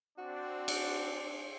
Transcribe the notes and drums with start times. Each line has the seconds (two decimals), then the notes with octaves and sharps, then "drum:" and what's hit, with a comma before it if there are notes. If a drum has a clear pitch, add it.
0.18 C4 D4 F#4
0.68 drum: cymbal